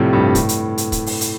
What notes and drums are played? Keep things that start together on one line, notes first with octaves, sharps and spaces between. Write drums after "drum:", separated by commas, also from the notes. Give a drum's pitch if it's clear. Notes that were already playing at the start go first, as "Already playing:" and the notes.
Already playing: A2 C3 F3 G3
G2
A2, drum: kick, hi-hat
drum: hi-hat
drum: hi-hat
drum: kick, hi-hat
drum: open hi-hat
drum: hi-hat